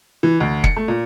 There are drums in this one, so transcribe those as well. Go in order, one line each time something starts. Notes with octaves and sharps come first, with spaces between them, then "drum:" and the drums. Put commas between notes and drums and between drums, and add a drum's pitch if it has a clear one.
E3
D2
C#7, drum: kick
A3
A#2